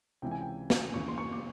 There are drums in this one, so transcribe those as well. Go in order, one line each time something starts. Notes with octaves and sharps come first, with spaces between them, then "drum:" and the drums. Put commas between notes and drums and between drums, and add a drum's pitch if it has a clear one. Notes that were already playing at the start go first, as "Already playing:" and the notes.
C#2 C3 E3 G5
G#5
G5
drum: snare
D#2 C#3 E3 C#6
C6
C#6
D6